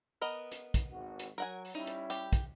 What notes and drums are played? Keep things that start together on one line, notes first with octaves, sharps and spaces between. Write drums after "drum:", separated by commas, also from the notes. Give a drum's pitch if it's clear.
B3 A#4 D#5
drum: hi-hat
drum: kick, hi-hat
G#1 F#4
drum: hi-hat
F#3 A#4 F#5 G#5
drum: open hi-hat
G3 C#4 D#4 E4
drum: hi-hat
G4, drum: hi-hat
drum: kick, hi-hat